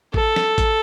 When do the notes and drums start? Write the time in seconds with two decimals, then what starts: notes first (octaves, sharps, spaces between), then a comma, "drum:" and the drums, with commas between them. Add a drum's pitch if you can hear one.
0.14 A4, drum: kick A1
0.36 drum: snare
0.58 drum: kick A1, hi-hat